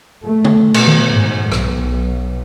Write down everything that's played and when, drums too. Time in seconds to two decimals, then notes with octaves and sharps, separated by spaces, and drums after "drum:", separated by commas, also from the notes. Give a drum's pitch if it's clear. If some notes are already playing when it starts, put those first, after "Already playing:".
0.24 A3
0.45 drum: tom
0.74 B2, drum: cymbal
0.87 drum: tom D#3
1.11 G#2
1.52 B1, drum: rim click